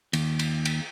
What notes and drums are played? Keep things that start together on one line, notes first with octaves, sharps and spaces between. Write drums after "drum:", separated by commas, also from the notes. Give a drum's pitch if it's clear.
D#2, drum: cymbal
drum: cymbal
drum: cymbal